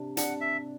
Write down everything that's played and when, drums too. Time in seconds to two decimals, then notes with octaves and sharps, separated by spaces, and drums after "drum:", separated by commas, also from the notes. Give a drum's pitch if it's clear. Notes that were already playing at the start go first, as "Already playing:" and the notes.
Already playing: C3 D4
0.17 D4 F#5, drum: hi-hat
0.41 E5